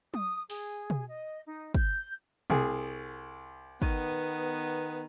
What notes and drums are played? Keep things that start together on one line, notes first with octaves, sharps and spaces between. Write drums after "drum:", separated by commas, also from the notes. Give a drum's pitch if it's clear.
D#6, drum: tom F#3
G#4, drum: open hi-hat
drum: tom B2
D#5
D#4
G6, drum: kick
C2 G#4, drum: tom B2
D#3 B3, drum: kick